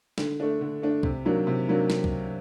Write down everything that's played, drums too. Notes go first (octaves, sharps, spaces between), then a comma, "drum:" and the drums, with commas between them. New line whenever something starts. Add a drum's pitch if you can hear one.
D3, drum: snare
A3 D4
D3
A3 D4
C3, drum: kick C2
D#3 F#3 A#3 D4
C3
D#3 F#3 A#3 D4
drum: snare
drum: kick C2